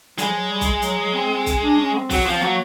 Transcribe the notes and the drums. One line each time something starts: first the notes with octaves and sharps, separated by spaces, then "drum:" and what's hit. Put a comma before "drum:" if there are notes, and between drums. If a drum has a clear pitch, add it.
G3 G#3, drum: hi-hat
F3
F#3
G3
drum: kick B1, hi-hat
F#3, drum: hi-hat
F#3
C4
C4
drum: kick B1, hi-hat
D4
C#4
C4
F#3, drum: kick B1, open hi-hat
F3 C4
F#3 A#3